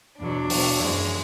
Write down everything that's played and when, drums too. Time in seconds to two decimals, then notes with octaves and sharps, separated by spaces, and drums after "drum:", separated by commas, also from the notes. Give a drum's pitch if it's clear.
0.18 E2 B2 F#3 D4
0.50 E2 B2 F#3, drum: open hi-hat
0.81 F#2 E3 G#3